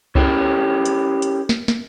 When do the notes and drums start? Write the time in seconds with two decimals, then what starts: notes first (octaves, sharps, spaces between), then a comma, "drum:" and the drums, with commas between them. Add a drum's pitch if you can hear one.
0.15 C#4 E4 G4 G#4 A#4, drum: kick C2
0.85 drum: hi-hat
1.22 drum: hi-hat
1.49 drum: snare
1.68 drum: snare